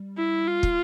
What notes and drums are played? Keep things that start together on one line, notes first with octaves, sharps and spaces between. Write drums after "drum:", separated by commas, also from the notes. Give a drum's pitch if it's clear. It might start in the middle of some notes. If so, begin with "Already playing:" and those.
Already playing: G3
E4
F4
drum: kick